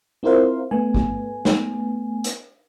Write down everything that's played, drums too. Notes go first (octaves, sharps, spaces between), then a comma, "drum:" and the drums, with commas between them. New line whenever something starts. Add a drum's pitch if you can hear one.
C4 E4 F4 A#4 C5 F5
A3 B3 G#5
drum: kick
drum: snare
drum: hi-hat